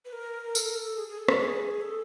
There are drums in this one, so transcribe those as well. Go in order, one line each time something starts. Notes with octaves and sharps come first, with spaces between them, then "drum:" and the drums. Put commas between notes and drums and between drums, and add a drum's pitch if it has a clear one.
B4
A#4
A4, drum: tambourine
A#4
A4
G#4
G#4
A4
A4, drum: rim click
G#4
A4